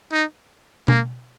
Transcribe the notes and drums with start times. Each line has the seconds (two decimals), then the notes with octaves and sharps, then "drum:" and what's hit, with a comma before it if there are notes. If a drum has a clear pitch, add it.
0.12 D#4
0.88 A#3, drum: tom B2